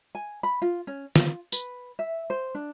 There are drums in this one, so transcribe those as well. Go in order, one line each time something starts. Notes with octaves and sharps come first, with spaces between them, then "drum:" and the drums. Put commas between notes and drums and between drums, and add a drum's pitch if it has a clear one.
G#5
B5
F4
C#4
F4, drum: snare D#3
B4, drum: tambourine
E5
C5
D4